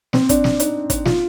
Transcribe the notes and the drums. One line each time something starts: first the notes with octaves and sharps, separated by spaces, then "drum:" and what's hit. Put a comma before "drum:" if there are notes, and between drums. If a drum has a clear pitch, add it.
C4, drum: snare
D4, drum: kick, hi-hat
drum: snare
D#4, drum: hi-hat
drum: kick, hi-hat
F4, drum: snare